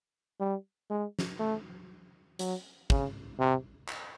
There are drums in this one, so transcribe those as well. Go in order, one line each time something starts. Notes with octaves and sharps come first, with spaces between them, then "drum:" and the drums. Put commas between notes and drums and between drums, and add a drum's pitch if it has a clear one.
G3
G#3
drum: snare
A3
F#3, drum: hi-hat
C#3, drum: kick
C3
drum: clap